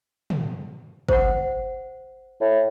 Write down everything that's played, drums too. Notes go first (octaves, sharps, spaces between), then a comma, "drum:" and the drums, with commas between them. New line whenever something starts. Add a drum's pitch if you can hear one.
drum: tom
C5 F#5, drum: kick
A2